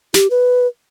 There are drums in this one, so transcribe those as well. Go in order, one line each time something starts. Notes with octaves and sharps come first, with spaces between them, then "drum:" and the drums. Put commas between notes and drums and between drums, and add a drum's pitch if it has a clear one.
G4, drum: snare
B4